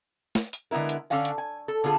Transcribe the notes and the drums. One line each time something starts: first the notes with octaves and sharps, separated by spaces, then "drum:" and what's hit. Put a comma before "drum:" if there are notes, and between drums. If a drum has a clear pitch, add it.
drum: snare
drum: hi-hat
D3 G#3 B3 E4 A#4
drum: hi-hat
D3 C#4 D4 F5 G#5
drum: hi-hat
G#5
A4
D3 B3 F4 G#4